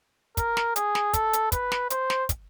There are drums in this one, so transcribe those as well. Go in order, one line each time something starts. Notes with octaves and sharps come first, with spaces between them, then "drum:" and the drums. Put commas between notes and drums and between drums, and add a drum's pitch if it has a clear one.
A#4, drum: kick, hi-hat
drum: snare
G#4, drum: hi-hat
drum: snare
A4, drum: kick, hi-hat
drum: hi-hat
B4, drum: kick, hi-hat
drum: snare
C5, drum: hi-hat
drum: snare
drum: kick, hi-hat